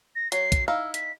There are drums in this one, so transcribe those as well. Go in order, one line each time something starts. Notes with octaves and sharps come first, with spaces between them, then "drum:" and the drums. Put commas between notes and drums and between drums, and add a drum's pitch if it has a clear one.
A#6
F#3 C7, drum: hi-hat
drum: kick, hi-hat
D#4 E4 F5 E6
B6, drum: hi-hat